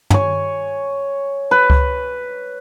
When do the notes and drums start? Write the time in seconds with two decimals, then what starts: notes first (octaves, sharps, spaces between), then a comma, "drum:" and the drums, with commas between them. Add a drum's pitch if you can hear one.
0.10 C#5 G#5, drum: tom
1.51 B4
1.70 drum: kick C#2